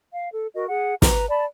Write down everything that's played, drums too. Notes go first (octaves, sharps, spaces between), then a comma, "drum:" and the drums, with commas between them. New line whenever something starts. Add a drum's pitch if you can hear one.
F5
A4
F#4 A#4 D#5
G#4 F#5
B4 A#5, drum: snare
D5 A5 B5